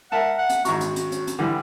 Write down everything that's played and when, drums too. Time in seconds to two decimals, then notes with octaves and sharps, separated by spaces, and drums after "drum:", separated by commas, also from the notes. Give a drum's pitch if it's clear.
0.12 A#4 E5 F#5 A5
0.39 F#5
0.49 drum: hi-hat
0.65 G#1 F#4 A#5 C#6, drum: hi-hat
0.81 drum: hi-hat
0.96 drum: hi-hat
1.12 drum: hi-hat
1.27 drum: hi-hat
1.39 D3 E3 G3